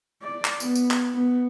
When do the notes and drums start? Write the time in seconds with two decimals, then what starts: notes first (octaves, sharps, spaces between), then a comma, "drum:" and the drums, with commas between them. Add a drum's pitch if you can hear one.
0.22 D5
0.45 drum: clap
0.60 B3, drum: tambourine
0.75 drum: tambourine
0.91 drum: clap
1.14 B3